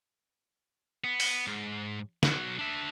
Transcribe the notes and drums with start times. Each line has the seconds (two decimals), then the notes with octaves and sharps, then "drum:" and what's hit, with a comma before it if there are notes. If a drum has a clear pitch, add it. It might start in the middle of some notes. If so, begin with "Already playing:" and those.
1.04 B3
1.20 drum: open hi-hat
1.47 G#2
2.23 B1 F#4, drum: snare
2.58 D4 E5